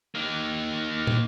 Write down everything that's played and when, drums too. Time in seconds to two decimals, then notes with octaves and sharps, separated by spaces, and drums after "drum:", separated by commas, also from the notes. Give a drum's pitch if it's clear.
0.15 A#3 D#4
1.07 drum: tom